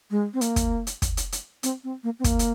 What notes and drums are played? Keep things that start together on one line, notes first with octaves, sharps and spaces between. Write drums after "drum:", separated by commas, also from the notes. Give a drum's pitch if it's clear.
G#3
C4
A#3, drum: hi-hat
drum: kick, hi-hat
drum: hi-hat
drum: kick, hi-hat
drum: hi-hat
drum: hi-hat
C4, drum: hi-hat
C4
A#3
C4
A#3, drum: kick, hi-hat
drum: hi-hat